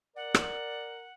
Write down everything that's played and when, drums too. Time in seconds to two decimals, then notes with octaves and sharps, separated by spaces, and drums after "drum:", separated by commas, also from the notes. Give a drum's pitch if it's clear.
0.16 A#4 D5 F#5
0.34 drum: rim click